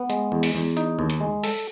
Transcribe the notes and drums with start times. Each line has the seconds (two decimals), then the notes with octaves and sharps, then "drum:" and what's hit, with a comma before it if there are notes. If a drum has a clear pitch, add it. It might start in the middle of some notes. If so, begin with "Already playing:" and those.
Already playing: B3
0.10 G#3, drum: hi-hat
0.32 E2
0.43 drum: open hi-hat
0.55 E2
0.77 D#4, drum: hi-hat
0.99 D#2
1.10 drum: hi-hat
1.21 G#3
1.44 A4, drum: open hi-hat